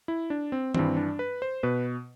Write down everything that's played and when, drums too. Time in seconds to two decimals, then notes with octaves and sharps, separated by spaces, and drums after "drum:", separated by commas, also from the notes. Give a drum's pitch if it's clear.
0.08 E4
0.30 D4
0.52 C4
0.75 G2 E3 G3 C4, drum: tom D#3
0.97 D4
1.19 B4
1.42 C5
1.63 B2 B4